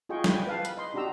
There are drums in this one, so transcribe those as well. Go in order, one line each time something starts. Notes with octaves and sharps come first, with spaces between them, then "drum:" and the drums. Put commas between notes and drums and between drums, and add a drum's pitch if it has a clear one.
F4 G#4 D#5 G5 C#6
G5 G#5 B5, drum: snare
B4 F5 A5
B5, drum: hi-hat
D#5 C6
D4 F#4 G4 D#5 A#5 E6